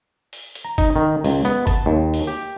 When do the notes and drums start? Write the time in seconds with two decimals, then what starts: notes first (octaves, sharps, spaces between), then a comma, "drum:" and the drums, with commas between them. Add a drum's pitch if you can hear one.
0.33 drum: open hi-hat
0.55 drum: hi-hat
0.65 A#5
0.78 D#4, drum: kick, hi-hat
0.96 D#3
1.25 C#2, drum: open hi-hat
1.45 B3, drum: hi-hat
1.67 A5, drum: kick, hi-hat
1.86 D#2
2.14 drum: open hi-hat
2.27 G4